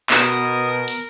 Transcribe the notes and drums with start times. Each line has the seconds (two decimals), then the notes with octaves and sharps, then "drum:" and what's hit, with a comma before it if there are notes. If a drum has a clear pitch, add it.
0.10 B2 B3 A#4 D#6, drum: clap
0.88 drum: hi-hat